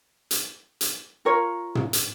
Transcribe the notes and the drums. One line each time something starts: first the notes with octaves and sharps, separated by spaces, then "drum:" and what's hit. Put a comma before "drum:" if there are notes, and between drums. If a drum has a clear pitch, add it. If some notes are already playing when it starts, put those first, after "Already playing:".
drum: hi-hat
drum: hi-hat
F4 A#4 C#5
drum: tom
drum: hi-hat